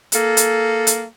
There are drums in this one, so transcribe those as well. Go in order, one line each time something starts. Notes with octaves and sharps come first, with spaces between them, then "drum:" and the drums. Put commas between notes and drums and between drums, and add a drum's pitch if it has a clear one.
A#3 A4, drum: hi-hat
drum: hi-hat
drum: hi-hat